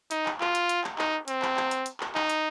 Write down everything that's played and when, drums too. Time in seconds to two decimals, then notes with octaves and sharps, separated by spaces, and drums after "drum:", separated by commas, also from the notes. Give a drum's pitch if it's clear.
0.11 D#4, drum: hi-hat
0.26 drum: clap
0.41 F4, drum: clap
0.55 drum: hi-hat
0.69 drum: hi-hat
0.84 drum: clap
0.98 D#4, drum: clap
1.28 C4, drum: hi-hat
1.42 drum: clap
1.57 drum: clap
1.71 drum: hi-hat
1.86 drum: hi-hat
2.00 drum: clap
2.15 D#4, drum: clap
2.30 drum: hi-hat